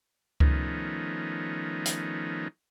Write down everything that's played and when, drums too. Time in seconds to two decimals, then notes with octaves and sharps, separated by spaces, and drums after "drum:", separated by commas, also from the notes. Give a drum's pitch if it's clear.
0.40 D#3 F3 A3 B3 C#4 D#4, drum: kick C#2
1.86 drum: hi-hat